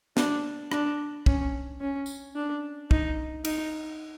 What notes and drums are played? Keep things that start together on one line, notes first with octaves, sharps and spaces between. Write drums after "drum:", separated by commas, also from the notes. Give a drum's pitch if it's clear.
D4, drum: snare
D4, drum: rim click
C#4, drum: kick
C#4
drum: tambourine
D4
D#4, drum: kick
D#4, drum: cymbal